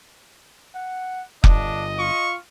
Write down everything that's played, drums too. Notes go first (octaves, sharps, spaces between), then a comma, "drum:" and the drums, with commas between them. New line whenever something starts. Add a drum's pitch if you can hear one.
F#5
G1 D4 D#5, drum: kick F1
F4 C#6